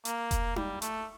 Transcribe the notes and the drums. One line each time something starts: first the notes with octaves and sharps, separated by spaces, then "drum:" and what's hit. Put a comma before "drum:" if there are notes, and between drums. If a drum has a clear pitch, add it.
A#3, drum: hi-hat
drum: kick F1, hi-hat
G3, drum: tom D#4
A3, drum: hi-hat